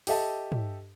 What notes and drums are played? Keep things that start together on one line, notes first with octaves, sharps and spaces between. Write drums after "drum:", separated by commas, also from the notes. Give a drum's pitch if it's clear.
G4 A4 D#5 E5 A5, drum: open hi-hat
drum: tom